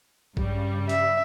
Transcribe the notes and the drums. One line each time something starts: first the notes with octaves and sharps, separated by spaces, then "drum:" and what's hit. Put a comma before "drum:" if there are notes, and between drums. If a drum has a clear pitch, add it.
G2 C#3 G3, drum: kick A#1
E5, drum: hi-hat